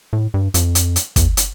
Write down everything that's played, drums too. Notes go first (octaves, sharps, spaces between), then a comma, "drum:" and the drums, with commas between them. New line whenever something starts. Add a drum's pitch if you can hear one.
A2
G2
F2, drum: hi-hat
drum: hi-hat
drum: hi-hat
E2, drum: kick, hi-hat
drum: hi-hat